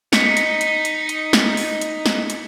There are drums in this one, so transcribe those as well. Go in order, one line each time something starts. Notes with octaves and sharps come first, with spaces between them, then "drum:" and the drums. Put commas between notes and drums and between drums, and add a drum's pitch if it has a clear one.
D#4 B6 C#7, drum: snare
drum: hi-hat
drum: hi-hat
drum: hi-hat
drum: hi-hat
drum: snare
drum: open hi-hat
drum: hi-hat
drum: snare
drum: hi-hat